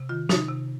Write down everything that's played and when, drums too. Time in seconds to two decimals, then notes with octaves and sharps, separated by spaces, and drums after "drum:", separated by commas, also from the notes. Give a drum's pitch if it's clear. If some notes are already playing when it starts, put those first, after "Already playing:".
Already playing: C3
0.09 D#3 F4
0.29 C3 D#4, drum: snare
0.48 C3